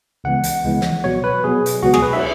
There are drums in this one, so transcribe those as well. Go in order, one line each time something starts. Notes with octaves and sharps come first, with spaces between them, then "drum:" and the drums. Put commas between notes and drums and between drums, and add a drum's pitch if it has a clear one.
C#2 C#3 E3 G#3 B3 F#5
drum: hi-hat
C#2 C#3 E3 G#3 B3
drum: snare
B2 F#3 B3 C#5
B4
B2 F#3 B3 G#4
drum: hi-hat
C#2 B2 F#3 B3 F#4
G#4, drum: rim click
B4
E5, drum: cymbal